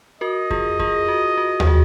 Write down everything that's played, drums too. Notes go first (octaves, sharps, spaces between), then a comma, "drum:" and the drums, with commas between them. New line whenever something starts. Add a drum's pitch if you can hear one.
F#4 A#4 D#5
F4 G#4, drum: kick F2
F4 G#4, drum: kick F2
F#4
F#4
G#4, drum: tom D#2
F#4